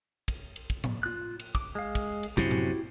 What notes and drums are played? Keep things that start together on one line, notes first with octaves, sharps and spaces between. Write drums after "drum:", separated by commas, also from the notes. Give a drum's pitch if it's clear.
drum: kick, cymbal
drum: cymbal
drum: kick
drum: tom A2
F4 F#6
drum: cymbal
D6, drum: kick
G#3 F5
drum: kick, cymbal
drum: cymbal
F#2 C3 E4 F#4 G4, drum: kick
drum: tom A2